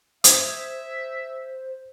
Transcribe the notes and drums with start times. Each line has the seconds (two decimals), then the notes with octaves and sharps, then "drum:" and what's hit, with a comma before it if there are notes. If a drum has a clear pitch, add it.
0.24 C5 E5 D#6 G#6, drum: hi-hat